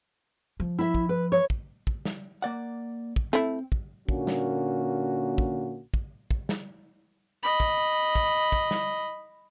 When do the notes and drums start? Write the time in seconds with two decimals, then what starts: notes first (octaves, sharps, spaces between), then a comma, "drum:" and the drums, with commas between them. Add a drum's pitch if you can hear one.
0.60 F3
0.79 E4 E5
0.95 drum: kick
1.09 B4
1.32 C#5
1.50 drum: kick
1.87 drum: kick
2.05 drum: snare
2.42 A#3 D5 F#5
3.16 drum: kick
3.33 A3 C4 E4
3.72 drum: kick
4.09 A#2 D3 A#3 C#4 F#4, drum: kick
4.27 drum: snare
5.38 drum: kick
5.94 drum: kick
6.31 drum: kick
6.49 drum: snare
7.43 D#5 B5
7.60 drum: kick
8.15 drum: kick
8.52 drum: kick
8.71 drum: snare